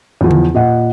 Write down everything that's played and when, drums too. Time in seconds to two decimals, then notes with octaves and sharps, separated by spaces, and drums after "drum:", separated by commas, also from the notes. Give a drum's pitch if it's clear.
0.21 E2 F3
0.31 drum: tom C#3
0.54 A#2 D#5 F#5